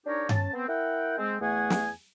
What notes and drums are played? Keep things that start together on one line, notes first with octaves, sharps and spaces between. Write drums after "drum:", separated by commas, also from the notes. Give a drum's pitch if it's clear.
D4 D#4 G4 A#4 C#5
C#4 A5, drum: tom G2
B3 C4
E4 A#4 F#5 G5
G#3 C4
E2 A3 G#4 F#5 G#5
drum: snare